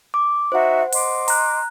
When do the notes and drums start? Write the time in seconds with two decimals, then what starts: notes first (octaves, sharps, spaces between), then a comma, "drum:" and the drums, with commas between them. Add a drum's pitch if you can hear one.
0.14 D6
0.52 D#4 F#4 C5 E5 F#5
0.92 D#5 C6 D6, drum: open hi-hat
1.28 A#5 F#6, drum: open hi-hat